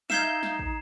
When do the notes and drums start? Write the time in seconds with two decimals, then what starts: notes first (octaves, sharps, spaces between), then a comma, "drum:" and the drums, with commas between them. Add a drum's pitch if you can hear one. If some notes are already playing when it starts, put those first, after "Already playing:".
0.10 D#4 E5 F5 G6 G#6 C7 E7, drum: snare
0.43 drum: snare
0.59 drum: kick